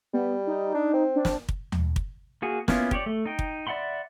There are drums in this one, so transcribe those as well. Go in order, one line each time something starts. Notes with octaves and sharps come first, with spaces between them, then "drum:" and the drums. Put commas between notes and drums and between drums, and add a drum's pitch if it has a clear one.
G3 B3
D#4
D4
C4
D4
drum: snare
drum: kick
drum: tom D#2
drum: kick
A#3 F#4 G#4
A#3 B3 C#4 E4 F4, drum: snare
G4 C#5 D5, drum: kick
A3
D#4 G5
drum: kick
D5 E5 F#5 B5 C6